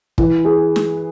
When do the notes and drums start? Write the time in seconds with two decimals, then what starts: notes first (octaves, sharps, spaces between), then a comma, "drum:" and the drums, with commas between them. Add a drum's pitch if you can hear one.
0.18 E3, drum: kick
0.45 G#4
0.76 drum: snare